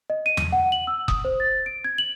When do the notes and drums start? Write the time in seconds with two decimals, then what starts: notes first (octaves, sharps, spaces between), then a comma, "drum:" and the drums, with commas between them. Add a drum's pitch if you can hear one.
0.10 D#5
0.26 D#7
0.37 drum: tom E2
0.52 F#5
0.72 F#7
0.87 E6
1.08 D#6, drum: kick F1
1.25 C5
1.40 A6
1.66 D7
1.84 G#6
1.98 F#7